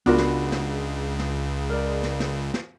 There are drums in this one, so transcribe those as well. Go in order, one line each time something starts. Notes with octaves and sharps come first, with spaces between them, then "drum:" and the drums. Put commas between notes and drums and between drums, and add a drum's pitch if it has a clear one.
C#2 C#3 B3 D4 F4 F#4 A#4 B5
drum: snare
drum: snare
drum: snare
A#4 D5
drum: snare
drum: snare
drum: snare